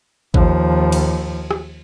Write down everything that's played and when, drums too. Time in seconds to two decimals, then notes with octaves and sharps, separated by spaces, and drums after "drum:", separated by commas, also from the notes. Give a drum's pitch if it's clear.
0.34 D#2 F3, drum: kick G#1
0.92 drum: cymbal
1.51 drum: rim click